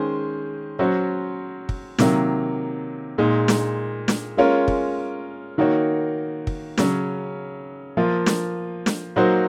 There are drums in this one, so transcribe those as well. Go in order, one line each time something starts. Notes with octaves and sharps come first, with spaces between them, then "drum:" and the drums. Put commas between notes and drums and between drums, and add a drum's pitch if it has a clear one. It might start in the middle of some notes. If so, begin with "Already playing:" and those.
Already playing: D#3 G#3 C#4 G#4 C5
F#3 C#4 F#4 C5
drum: kick
C3 D#3 F#3 A#3, drum: snare
A#2 G#3 D#4
drum: snare
drum: snare
G#3 C#4 F4 A#4 C#5
drum: kick
D#3 A#3 D#4 F#4 C#5
drum: kick
C#3 F#3 C#4, drum: snare
F3 A#3 F4
drum: snare
drum: snare
F#3 A#3 D#4 F#4 C5